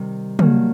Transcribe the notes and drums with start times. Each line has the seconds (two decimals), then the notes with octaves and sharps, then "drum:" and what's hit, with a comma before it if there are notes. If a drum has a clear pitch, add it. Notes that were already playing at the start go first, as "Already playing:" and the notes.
Already playing: C3 D#3 G3
0.39 G2 D#3 F#3 A#3, drum: tom